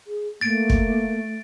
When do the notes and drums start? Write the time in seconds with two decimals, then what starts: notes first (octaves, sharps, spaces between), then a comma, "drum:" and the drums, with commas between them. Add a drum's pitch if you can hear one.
0.07 G#4
0.41 A3 A#3 A6 D7
0.70 drum: kick